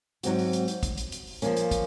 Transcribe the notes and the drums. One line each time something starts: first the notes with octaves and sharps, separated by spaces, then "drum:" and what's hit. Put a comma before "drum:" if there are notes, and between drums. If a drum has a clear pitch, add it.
G#2 F#3 C4 F#4, drum: hi-hat
drum: open hi-hat
drum: hi-hat
drum: hi-hat
drum: kick, hi-hat
drum: hi-hat
drum: hi-hat
drum: open hi-hat
F3 A#3 C#4, drum: hi-hat
drum: hi-hat
drum: kick, hi-hat